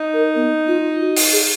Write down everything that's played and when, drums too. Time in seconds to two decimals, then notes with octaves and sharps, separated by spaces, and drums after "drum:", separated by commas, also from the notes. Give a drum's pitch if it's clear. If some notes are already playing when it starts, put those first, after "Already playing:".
Already playing: D#4
0.14 A#4
0.35 B3
0.68 F4
1.01 F#4
1.17 drum: open hi-hat
1.33 G#4